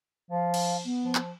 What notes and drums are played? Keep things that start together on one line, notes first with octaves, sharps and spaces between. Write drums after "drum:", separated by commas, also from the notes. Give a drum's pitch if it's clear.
F3 F5
drum: cymbal
B3
F3
drum: clap